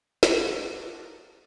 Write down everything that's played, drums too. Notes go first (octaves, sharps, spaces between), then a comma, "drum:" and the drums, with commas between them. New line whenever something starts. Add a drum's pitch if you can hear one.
D#4 F4 F#4 A4 A#4 D5, drum: snare